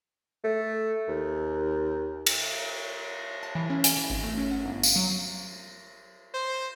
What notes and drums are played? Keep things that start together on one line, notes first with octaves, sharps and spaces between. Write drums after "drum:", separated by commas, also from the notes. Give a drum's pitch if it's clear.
A3
D#2
drum: cymbal
A5
E3
C#4
G#5, drum: hi-hat
E3
G#1
A3
C#4
F#5
G1
F5, drum: tambourine
F#3
C5